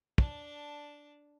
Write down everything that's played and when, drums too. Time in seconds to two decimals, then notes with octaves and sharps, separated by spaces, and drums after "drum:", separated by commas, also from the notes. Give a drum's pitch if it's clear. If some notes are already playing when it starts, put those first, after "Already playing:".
0.18 D4 A5, drum: kick